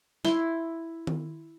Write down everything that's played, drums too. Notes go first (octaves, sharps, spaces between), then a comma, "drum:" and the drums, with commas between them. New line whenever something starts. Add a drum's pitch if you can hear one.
E4 C6, drum: snare
drum: tom D#3